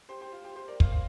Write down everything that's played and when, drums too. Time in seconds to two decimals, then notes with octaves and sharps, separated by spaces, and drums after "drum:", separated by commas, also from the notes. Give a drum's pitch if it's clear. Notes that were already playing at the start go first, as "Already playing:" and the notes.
0.09 G4 C5
0.21 G4 C5
0.32 F4
0.44 G4
0.56 G4 C5
0.68 A#4 D5
0.80 C5 F5, drum: kick
0.92 C5 F5